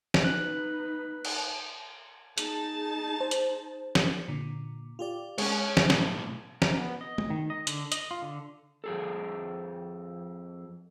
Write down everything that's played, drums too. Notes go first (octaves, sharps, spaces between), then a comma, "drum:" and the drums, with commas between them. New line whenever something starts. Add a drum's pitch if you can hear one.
drum: snare
D#4 B4 F#6
drum: cymbal
D#4 G#4 A5, drum: hi-hat
C5
drum: hi-hat
drum: snare
A#2 D3
F4 G4 D5
G#3 C#4 C#5 F#6, drum: cymbal
drum: snare
B1 A2, drum: snare
A#4, drum: snare
B3
D#5
drum: tom
D#3
D#5
D3, drum: hi-hat
D#5, drum: hi-hat
F4
D3
F2 G#4 A4